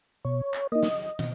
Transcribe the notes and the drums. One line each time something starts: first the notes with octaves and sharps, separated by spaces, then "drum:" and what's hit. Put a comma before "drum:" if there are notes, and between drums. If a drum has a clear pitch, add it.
B2 C#5
drum: clap
A#3 D#4 D#5
drum: snare
B2, drum: tom